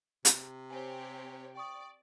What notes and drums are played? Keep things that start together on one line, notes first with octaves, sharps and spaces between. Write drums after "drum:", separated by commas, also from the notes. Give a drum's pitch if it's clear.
C3, drum: hi-hat
C4 G4 C#5 G#5
D5 G5 C#6 D#6